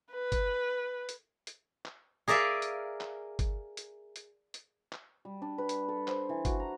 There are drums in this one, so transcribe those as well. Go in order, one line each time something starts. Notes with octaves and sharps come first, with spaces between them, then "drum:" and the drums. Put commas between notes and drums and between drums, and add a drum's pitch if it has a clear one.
B4
drum: kick G1, hi-hat
drum: hi-hat
drum: hi-hat
drum: clap
G#4 A#4 D5 E5 F5
drum: hi-hat
drum: clap
drum: kick G1, hi-hat
drum: hi-hat
drum: hi-hat
drum: hi-hat
drum: clap
G3
D4
B4
drum: hi-hat
A4
C5, drum: clap
E3
F#4, drum: kick G1, hi-hat
A#5